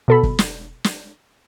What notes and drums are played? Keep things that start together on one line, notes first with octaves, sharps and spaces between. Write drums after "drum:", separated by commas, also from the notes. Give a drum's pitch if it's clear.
B2 A4 B5
drum: kick
drum: snare
drum: snare